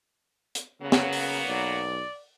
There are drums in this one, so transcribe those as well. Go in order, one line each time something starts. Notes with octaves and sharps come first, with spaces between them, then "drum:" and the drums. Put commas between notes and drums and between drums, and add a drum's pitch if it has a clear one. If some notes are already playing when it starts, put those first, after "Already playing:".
drum: hi-hat
C#3 F#3 A#3 B3
drum: snare
drum: open hi-hat
B1 D5